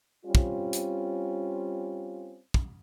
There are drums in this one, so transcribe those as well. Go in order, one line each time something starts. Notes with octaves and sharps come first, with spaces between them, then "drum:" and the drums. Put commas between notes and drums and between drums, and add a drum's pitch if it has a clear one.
G3 C4 C#4 F4
drum: kick
drum: hi-hat
drum: kick